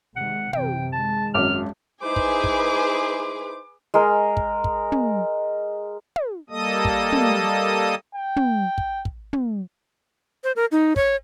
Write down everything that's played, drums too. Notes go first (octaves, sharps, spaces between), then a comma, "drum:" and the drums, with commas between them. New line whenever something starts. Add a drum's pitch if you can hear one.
C3 D#3 G#3 F#5
F#2 C3 E3 G5, drum: tom
D#3 G#3 A5
G#1 F#2 D6 F6
D#4 E4 G#4 B4 C5 D6
drum: kick
drum: kick
G#3 A#4
drum: kick
drum: kick
drum: tom
drum: tom
G3 A#3 A4 D#5 D#6
drum: kick
drum: tom
G5
drum: tom
drum: kick
drum: kick
drum: tom
C5
A#4
D#4
C#5, drum: kick